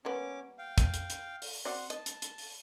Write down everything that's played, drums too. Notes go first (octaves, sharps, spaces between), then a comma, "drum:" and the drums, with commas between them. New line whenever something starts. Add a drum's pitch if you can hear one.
G3 A#3 B3 C#4 D6
F5 G5
drum: kick, hi-hat
drum: hi-hat
drum: hi-hat
drum: open hi-hat
C4 F#4 D5 F#5 C6
D#5 A5, drum: hi-hat
drum: hi-hat
drum: hi-hat
drum: open hi-hat